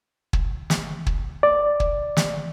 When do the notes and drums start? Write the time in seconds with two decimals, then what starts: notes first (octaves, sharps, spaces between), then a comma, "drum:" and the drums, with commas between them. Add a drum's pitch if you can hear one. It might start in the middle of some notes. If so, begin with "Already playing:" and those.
0.33 drum: kick
0.70 drum: snare
1.07 drum: kick
1.43 D5
1.80 drum: kick
2.17 drum: snare